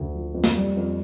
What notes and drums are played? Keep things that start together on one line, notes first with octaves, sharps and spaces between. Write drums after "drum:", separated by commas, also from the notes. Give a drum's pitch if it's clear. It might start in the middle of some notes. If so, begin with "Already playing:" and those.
Already playing: D2
F3
F2
drum: snare
G3
F2